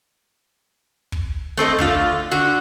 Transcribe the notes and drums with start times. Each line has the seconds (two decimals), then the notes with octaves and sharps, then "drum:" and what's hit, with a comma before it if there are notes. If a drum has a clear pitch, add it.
1.12 drum: kick
1.57 A3 C4 A4 D#5
1.79 D3 A3 F4, drum: kick
2.31 D3 F#4